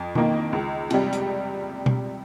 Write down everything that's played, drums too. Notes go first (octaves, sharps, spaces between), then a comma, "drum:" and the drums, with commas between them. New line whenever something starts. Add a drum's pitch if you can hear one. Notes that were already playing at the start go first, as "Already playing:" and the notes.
Already playing: F2
D#3 A#3 D#4, drum: tom B2
C#2
C3 G3, drum: cymbal
drum: hi-hat
drum: tom B2